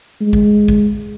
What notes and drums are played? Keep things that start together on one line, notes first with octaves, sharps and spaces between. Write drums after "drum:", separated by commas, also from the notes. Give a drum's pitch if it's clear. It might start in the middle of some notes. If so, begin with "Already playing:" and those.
G#3
drum: kick A1
drum: kick A1